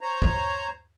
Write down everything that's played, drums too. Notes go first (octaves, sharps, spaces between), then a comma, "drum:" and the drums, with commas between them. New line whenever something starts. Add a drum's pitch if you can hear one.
C5 C#5 A#5
drum: kick